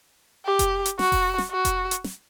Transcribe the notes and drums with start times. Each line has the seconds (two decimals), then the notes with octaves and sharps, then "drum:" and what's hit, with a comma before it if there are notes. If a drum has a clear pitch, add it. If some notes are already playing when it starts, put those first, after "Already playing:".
0.46 G4
0.59 drum: kick F1, hi-hat
0.86 drum: hi-hat
0.99 F#4, drum: snare
1.12 drum: kick F1, open hi-hat
1.38 drum: snare
1.51 F#4
1.65 drum: kick F1, hi-hat
1.91 drum: hi-hat
2.04 drum: snare